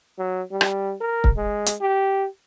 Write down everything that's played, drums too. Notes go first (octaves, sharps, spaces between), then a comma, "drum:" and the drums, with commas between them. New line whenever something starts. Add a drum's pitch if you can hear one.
F#3
G3
drum: rim click
A#4
drum: kick
G#3
drum: hi-hat
G4